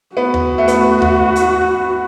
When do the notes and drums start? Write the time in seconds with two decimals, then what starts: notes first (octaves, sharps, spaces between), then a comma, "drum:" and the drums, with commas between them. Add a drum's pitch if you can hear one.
0.16 B3 F#4
0.34 drum: tom D#2
0.58 A3
0.68 B3, drum: hi-hat
1.02 drum: tom D#2
1.36 drum: hi-hat